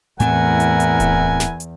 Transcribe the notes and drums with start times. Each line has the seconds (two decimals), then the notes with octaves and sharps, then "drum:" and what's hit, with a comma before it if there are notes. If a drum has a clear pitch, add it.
0.20 E2 A2 A3 C4 E4 A#4 F#5 G#5, drum: hi-hat
0.60 drum: hi-hat
0.80 drum: hi-hat
1.00 drum: kick D1, hi-hat
1.40 drum: snare
1.60 drum: hi-hat